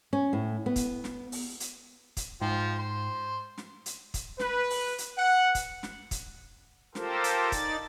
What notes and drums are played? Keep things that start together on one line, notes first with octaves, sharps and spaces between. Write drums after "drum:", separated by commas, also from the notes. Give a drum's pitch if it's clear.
C#4
A2
B3
drum: kick, hi-hat
drum: snare
drum: open hi-hat
drum: hi-hat
drum: kick, hi-hat
G#2 F3 C5 G5
C5
drum: snare
drum: hi-hat
drum: kick, hi-hat
B4, drum: snare
drum: open hi-hat
drum: hi-hat
F#5
drum: kick, hi-hat
drum: snare
drum: kick, hi-hat
F4 G4 A4 A#4 C5, drum: snare
drum: hi-hat
D#4 D5 A6, drum: kick, hi-hat